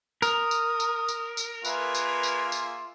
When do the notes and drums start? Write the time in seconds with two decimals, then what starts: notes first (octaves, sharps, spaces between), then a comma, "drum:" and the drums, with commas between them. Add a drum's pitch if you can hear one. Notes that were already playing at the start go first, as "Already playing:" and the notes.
0.22 A#4 D#6, drum: tambourine
0.51 drum: tambourine
0.80 drum: tambourine
1.09 drum: tambourine
1.37 drum: tambourine
1.65 A#3 F4 G#4 B4 E5, drum: tambourine
1.95 drum: tambourine
2.23 drum: tambourine
2.52 drum: tambourine